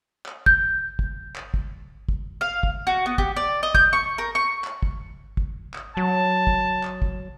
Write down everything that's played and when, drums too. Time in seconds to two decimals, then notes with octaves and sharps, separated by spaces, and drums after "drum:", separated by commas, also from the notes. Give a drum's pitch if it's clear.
0.26 drum: clap
0.46 G6, drum: kick
0.99 drum: kick
1.35 drum: clap
1.54 drum: kick
2.09 drum: kick
2.41 F5
2.63 drum: kick
2.87 F#4
3.06 B3
3.18 G4, drum: kick
3.36 D5
3.63 D#5
3.75 G6, drum: kick
3.93 C#6
4.18 A#4
4.35 C#6
4.64 drum: clap
4.83 drum: kick
5.37 drum: kick
5.74 drum: clap
5.97 F#3 A5
6.47 drum: kick
6.83 drum: clap
7.02 drum: kick